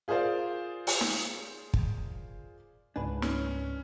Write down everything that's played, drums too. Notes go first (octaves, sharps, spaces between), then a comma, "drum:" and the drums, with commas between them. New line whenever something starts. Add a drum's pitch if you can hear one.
F4 G#4 A#4 C5 D5 F5
drum: open hi-hat
drum: snare
drum: kick
C#2 G#2 D4 B4 G#5
C#4, drum: snare